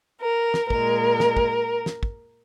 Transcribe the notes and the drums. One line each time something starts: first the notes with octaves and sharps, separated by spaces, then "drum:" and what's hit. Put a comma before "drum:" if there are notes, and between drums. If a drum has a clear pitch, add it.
A#4
drum: snare
A#2 G#3 A#4, drum: kick
drum: snare
drum: kick
drum: snare
drum: kick